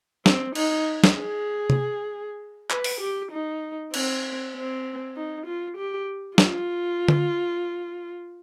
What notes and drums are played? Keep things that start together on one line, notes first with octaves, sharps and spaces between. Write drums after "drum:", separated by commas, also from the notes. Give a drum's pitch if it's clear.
C4, drum: snare
D#4, drum: cymbal
drum: snare
G#4
drum: tom C3
B4, drum: clap
drum: open hi-hat
G4
D#4
C4, drum: cymbal
C4
D#4
F4
G4
F4, drum: snare
drum: tom D3